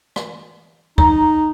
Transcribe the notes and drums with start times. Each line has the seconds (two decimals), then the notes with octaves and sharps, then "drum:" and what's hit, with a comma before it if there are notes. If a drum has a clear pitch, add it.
0.16 drum: rim click
0.98 D#4 A#5, drum: kick